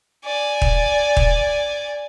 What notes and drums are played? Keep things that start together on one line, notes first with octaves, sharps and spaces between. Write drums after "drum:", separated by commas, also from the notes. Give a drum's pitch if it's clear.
D5 G#5
drum: kick D#1
drum: kick D#1